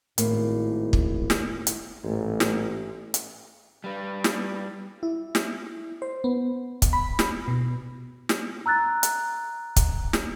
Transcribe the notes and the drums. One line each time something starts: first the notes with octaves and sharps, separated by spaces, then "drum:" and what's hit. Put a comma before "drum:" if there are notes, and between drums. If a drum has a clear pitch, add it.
G#1 A2 A#3, drum: hi-hat
drum: kick
drum: snare
drum: hi-hat
A1 G#2
drum: snare
drum: hi-hat
G3 B4
drum: snare
E4
drum: snare
C5
B3
drum: kick, hi-hat
B5
drum: snare
B2
drum: snare
A#5 E6 F#6 A6
drum: hi-hat
drum: kick, hi-hat
drum: snare